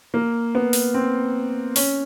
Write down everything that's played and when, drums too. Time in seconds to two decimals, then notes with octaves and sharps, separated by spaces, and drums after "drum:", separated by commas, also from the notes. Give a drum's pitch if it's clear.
0.14 A#3
0.55 B3
0.73 drum: open hi-hat
0.94 C4
1.76 C#4, drum: open hi-hat